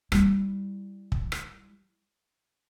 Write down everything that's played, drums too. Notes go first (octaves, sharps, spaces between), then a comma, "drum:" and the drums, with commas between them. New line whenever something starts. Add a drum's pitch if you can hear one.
G3 E4, drum: rim click
drum: kick
drum: rim click